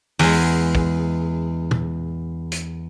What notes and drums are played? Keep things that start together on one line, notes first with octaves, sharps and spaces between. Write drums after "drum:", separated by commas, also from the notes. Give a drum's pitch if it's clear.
E2 G#3, drum: open hi-hat
drum: kick
drum: tom
drum: hi-hat